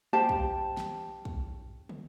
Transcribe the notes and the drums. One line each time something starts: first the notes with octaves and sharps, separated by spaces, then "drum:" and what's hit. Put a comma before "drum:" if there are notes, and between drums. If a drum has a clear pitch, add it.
G4 C5 F5 A5
drum: kick
drum: snare
drum: kick
drum: tom